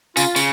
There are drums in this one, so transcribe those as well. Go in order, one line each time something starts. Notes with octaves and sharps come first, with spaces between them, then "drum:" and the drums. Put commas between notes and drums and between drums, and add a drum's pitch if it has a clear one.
C#3 F4, drum: tambourine
C#3, drum: tambourine